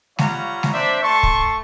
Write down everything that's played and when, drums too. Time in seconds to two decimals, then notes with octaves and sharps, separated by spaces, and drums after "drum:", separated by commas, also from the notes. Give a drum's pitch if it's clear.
0.19 G3 F4 C#5 F5 F#5 A#5, drum: snare G#3
0.63 drum: snare G#3
0.73 C4 D4 C5 D5 E5
1.03 A3 A5 C6 C#6
1.23 drum: kick